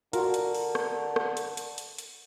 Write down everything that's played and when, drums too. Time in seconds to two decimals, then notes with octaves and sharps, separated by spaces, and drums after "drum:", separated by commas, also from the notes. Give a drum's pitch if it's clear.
0.13 D3 F4 F#4 A#4, drum: hi-hat
0.34 drum: hi-hat
0.55 drum: open hi-hat
0.75 drum: rim click
1.16 drum: rim click
1.37 drum: hi-hat
1.57 drum: hi-hat
1.78 drum: hi-hat
1.98 drum: hi-hat